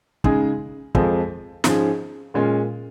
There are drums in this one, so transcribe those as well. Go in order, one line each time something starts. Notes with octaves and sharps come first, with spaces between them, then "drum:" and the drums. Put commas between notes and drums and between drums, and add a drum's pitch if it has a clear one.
C#3 G#3 D#4 G#4, drum: kick
F2 F3 G#3, drum: kick
G#2 F3 C#4 G#4, drum: snare
A#2 G#3 C#4 F4